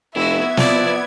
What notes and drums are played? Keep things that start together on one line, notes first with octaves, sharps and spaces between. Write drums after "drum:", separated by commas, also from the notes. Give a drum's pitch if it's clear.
F1 B3 E4 F#4 E5 G#6
F3 E4 D5, drum: snare